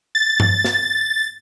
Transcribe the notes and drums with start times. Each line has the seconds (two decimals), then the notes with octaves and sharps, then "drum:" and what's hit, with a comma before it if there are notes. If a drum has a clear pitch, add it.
0.15 A6
0.40 drum: tom G2
0.65 drum: snare